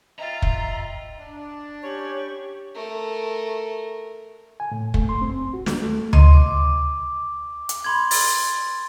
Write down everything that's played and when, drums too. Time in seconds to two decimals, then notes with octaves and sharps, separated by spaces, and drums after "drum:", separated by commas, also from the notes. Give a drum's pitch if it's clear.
0.19 F4 D#5 E5 G5 A#5 A6
0.42 drum: kick
1.19 D4
1.83 C#4 G4 C#5 B5 C#6
2.75 A3 A#4
4.60 G#5
4.72 A2
4.94 A3, drum: kick
5.09 C6
5.22 C4
5.54 F#4
5.66 D#2, drum: snare
5.82 A3
6.13 D#5 C6, drum: tom D2
6.33 D6
7.69 drum: hi-hat
7.84 B5 C6 G#6
8.11 A6, drum: open hi-hat